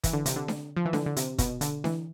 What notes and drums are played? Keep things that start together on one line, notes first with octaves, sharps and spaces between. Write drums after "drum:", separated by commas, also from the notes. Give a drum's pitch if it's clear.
E3, drum: kick, hi-hat
D3
C3, drum: hi-hat
D3
drum: snare D4
F3
E3
D3, drum: snare D4
D3
C3, drum: hi-hat
B2, drum: kick, hi-hat
D3, drum: hi-hat
E3, drum: snare D4